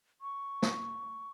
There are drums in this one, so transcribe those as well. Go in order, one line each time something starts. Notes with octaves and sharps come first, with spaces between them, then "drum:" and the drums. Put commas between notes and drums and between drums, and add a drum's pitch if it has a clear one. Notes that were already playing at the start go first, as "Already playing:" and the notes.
C#6
drum: snare